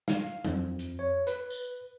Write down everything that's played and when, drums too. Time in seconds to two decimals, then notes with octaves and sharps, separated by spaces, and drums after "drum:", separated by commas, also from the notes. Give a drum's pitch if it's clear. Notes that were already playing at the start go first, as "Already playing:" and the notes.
0.08 F5, drum: snare
0.45 F2, drum: tom
0.79 drum: hi-hat
0.99 C#5
1.27 B4, drum: hi-hat
1.50 drum: tambourine